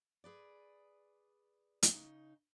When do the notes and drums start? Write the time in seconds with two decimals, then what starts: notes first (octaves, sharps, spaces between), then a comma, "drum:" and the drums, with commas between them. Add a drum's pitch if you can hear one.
0.24 G#4 B4 D5
1.83 C#3 D#4, drum: hi-hat